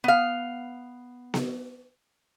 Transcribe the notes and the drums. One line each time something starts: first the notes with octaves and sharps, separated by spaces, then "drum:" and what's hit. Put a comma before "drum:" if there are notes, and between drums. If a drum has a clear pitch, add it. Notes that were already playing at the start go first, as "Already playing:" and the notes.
B3 F5
drum: snare B3